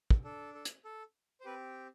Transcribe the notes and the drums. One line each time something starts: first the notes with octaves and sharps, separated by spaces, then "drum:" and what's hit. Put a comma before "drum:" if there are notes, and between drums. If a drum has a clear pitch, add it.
drum: kick
D4 A4
A4
drum: hi-hat
A4
C5
C4 G4 B4